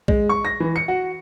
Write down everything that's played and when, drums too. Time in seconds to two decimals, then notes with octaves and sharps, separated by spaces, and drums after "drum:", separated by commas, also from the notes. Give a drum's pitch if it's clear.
0.08 G#3, drum: kick
0.29 C#6
0.45 A#6
0.60 E3
0.76 C#7
0.88 F#4